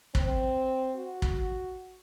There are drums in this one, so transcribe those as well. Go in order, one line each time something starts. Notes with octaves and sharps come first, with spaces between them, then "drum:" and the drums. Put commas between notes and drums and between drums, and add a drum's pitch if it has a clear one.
C4, drum: kick
F#4
drum: kick